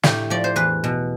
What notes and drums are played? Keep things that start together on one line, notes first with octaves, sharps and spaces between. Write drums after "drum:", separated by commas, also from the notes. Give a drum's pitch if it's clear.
A2 G4, drum: snare
F3 D5
C5
E2 B4
B2